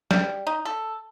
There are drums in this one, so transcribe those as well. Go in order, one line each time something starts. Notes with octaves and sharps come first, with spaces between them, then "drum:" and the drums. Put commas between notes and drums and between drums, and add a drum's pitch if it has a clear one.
G3, drum: snare
D#4
A4